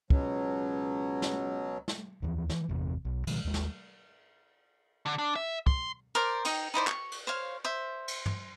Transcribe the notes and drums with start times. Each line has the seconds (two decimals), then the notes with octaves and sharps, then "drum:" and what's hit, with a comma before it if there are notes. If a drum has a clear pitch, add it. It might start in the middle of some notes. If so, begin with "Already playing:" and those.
0.10 C#2 B2 F#3, drum: kick
1.22 drum: snare
1.88 drum: snare
2.22 D#2 E3 F3
2.50 E3 F3, drum: snare
2.69 G1 E2 C3
3.05 B1
3.27 B2 D#3 F3 G#3, drum: cymbal
3.45 D#2 G#3
3.54 drum: snare
5.06 D3
5.19 D4
5.36 E5
5.67 C6, drum: kick
6.15 A#4 C5 D5
6.45 D#4 G5, drum: cymbal
6.74 D#4 E4 C5 D5
6.87 C#6, drum: clap
7.12 drum: cymbal
7.27 C5 C#5 F5
7.64 C5 E5
8.08 drum: cymbal
8.26 drum: tom